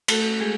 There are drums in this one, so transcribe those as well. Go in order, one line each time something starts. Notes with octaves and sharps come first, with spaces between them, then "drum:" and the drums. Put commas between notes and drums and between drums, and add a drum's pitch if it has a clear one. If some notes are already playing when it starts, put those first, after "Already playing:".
A3 A4, drum: cymbal
G#3 G#4